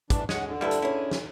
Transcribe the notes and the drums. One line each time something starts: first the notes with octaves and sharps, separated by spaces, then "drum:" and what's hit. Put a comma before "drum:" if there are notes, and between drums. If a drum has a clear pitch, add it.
E3 G3 D4, drum: kick, hi-hat
G#3 C#4 F#5, drum: snare
D3
G3 D4 E4 F4 A4 B4 C5
drum: hi-hat
C#4 E4 G#4
drum: snare